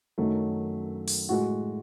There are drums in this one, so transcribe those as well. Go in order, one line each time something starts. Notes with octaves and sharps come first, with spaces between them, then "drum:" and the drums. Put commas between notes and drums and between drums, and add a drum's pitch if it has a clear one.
F#2 D#3 F#3 A3
drum: open hi-hat
A2 G#3 F#4